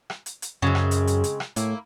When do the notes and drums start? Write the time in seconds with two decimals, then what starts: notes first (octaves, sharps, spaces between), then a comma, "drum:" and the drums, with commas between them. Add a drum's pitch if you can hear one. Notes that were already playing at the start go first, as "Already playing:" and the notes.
0.10 drum: rim click
0.26 drum: hi-hat
0.42 drum: hi-hat
0.62 F#2 C#3 G#3 C4
0.75 drum: rim click
0.91 drum: hi-hat
1.07 drum: hi-hat
1.24 drum: hi-hat
1.40 drum: rim click
1.56 A2 A#3 E4, drum: hi-hat